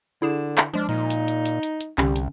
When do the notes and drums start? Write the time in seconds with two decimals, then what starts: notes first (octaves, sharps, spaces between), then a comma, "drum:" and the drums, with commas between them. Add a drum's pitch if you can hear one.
0.22 D3 E4 G#4 E7
0.58 drum: clap
0.73 F3 G#3 D4 F6
0.89 A#2 D#4
1.10 drum: hi-hat
1.28 drum: hi-hat
1.45 drum: hi-hat
1.63 drum: hi-hat
1.81 drum: hi-hat
1.98 C2 D3 G3 C#4, drum: clap
2.16 drum: hi-hat